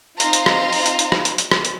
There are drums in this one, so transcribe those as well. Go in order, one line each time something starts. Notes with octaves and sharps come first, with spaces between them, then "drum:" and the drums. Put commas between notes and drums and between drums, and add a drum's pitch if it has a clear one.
C4 D#4 F4 F5 A#5 C6, drum: hi-hat
drum: hi-hat
drum: rim click
drum: open hi-hat
drum: hi-hat
drum: hi-hat
drum: rim click
drum: hi-hat
drum: hi-hat
drum: rim click
drum: hi-hat